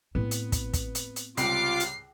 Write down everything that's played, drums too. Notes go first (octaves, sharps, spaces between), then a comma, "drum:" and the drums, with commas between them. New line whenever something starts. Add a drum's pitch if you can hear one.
A2 B3 C4
drum: hi-hat
drum: kick, hi-hat
drum: kick, hi-hat
drum: hi-hat
drum: hi-hat
C#2 C3 G3 F4 D6 C7, drum: hi-hat
drum: hi-hat